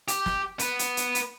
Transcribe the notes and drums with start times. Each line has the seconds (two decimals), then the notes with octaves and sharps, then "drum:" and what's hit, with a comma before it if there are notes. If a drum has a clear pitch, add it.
0.08 G4, drum: hi-hat
0.26 drum: snare
0.59 B3 B4, drum: hi-hat
0.79 drum: hi-hat
0.97 drum: hi-hat
1.15 drum: hi-hat